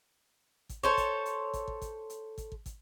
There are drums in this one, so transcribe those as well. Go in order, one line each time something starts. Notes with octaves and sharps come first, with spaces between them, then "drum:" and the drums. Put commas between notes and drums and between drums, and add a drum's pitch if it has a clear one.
drum: kick, hi-hat
A4 C5 C#5, drum: kick
drum: kick, hi-hat
drum: hi-hat
drum: kick, hi-hat
drum: kick
drum: kick, hi-hat
drum: hi-hat
drum: kick, hi-hat
drum: kick
drum: kick, hi-hat